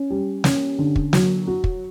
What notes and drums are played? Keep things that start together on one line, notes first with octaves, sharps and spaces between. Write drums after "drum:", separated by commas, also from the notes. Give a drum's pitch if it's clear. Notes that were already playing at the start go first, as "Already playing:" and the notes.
Already playing: C#4
G3
C#4, drum: snare
D3
drum: kick
F#3, drum: snare
F#4
drum: kick